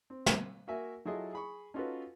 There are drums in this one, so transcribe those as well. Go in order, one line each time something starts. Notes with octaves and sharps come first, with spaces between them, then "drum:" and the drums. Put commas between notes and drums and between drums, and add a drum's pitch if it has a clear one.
C4
drum: snare
A#3 F#4 A#4 E5 G#5
F#3 E4 F4 G#4 A4 D#5
G#4 B5 C#6
C#4 D#4 F4 F#4 A4 B4